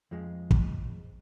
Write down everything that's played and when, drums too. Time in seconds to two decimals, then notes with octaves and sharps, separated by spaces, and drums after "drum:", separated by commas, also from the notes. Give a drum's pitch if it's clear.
0.11 F2 F3 G#3
0.51 drum: kick